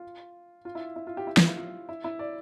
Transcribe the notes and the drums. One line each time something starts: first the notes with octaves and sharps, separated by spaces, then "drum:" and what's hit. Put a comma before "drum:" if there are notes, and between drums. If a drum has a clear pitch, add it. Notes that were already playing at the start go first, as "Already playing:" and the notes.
Already playing: F4
F4
E4
E4
F4
G4
E4
F4, drum: snare
E4
F4
E4
E4
D5